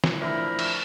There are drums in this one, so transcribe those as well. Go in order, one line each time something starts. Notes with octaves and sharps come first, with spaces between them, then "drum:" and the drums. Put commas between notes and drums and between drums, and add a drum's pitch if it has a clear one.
drum: snare
A2 F3 D4 E4 A#4 B5
drum: cymbal